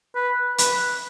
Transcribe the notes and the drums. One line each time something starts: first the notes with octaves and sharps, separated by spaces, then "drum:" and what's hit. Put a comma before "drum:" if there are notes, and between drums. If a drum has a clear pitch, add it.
B4
B4, drum: hi-hat